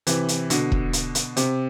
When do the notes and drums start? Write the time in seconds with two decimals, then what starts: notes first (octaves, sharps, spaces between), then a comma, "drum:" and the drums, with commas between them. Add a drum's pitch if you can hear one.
0.07 C3 E3, drum: hi-hat
0.28 drum: hi-hat
0.50 B2 D3, drum: hi-hat
0.72 drum: kick
0.93 drum: hi-hat
1.15 drum: hi-hat
1.37 C3, drum: hi-hat